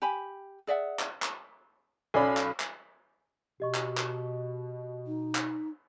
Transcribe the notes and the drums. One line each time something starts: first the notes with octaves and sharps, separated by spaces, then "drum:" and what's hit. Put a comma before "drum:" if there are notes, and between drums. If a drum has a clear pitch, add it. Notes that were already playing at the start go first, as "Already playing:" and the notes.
G4 G5 G#5 B5
G#4 D5 E5 F#5
drum: clap
drum: clap
B1 C#4 A4 D5 F5 G#5 B5
drum: clap
drum: clap
B2 G4 D#5 C#6
drum: clap
drum: clap
D#4
drum: clap